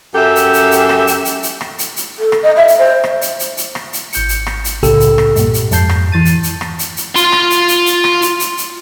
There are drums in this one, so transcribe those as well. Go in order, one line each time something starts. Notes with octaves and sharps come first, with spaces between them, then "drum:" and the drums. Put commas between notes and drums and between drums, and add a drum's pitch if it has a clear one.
F#2 G4 A4 E5
drum: hi-hat
drum: hi-hat
drum: hi-hat
drum: rim click
drum: hi-hat
drum: hi-hat
drum: hi-hat
drum: rim click
drum: hi-hat
drum: hi-hat
A4
drum: rim click
D#5
E5
drum: hi-hat
C5
drum: rim click
drum: hi-hat
drum: hi-hat
drum: hi-hat
drum: rim click
drum: hi-hat
G#1 G6 C#7, drum: hi-hat
drum: hi-hat
drum: rim click
drum: hi-hat
C2 A2 C#3 G4 A4 E6, drum: hi-hat
drum: hi-hat
drum: rim click
G2 A#2, drum: hi-hat
drum: hi-hat
F2 G#2 A5 G6 C7, drum: hi-hat
drum: rim click
E3 A6 D#7
drum: hi-hat
drum: hi-hat
drum: rim click
drum: hi-hat
drum: hi-hat
F4 C6, drum: hi-hat
drum: rim click
drum: hi-hat
drum: hi-hat
drum: hi-hat
drum: rim click
drum: hi-hat
drum: hi-hat
drum: hi-hat